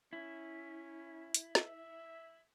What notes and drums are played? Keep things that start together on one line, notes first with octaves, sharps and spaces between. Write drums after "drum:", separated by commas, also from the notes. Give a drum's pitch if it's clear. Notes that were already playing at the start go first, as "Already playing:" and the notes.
C#4 E4
drum: hi-hat
E5, drum: snare